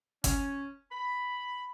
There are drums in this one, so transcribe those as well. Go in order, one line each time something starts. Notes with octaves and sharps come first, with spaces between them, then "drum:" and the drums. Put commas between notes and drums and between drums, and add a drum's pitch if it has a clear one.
C#4, drum: kick, hi-hat
B5